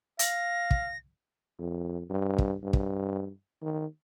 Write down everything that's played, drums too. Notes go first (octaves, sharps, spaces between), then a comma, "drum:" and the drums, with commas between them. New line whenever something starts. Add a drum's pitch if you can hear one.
F5 A#6, drum: hi-hat
drum: kick
F2
G2
drum: kick
G2
drum: kick
D#3